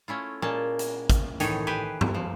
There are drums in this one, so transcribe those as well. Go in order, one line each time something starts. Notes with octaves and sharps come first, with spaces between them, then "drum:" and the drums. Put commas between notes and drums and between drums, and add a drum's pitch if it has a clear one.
A3 C#4 E4 F4
A#2 G#3 A#3 C#4 A5
drum: hi-hat
drum: kick G#1, hi-hat
A2 D#3 E3 D#4 C#5, drum: hi-hat
G4 B4 C5 G#5
drum: tom G2
F3